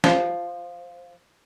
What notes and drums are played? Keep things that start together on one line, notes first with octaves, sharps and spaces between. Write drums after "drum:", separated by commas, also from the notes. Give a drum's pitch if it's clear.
F3, drum: snare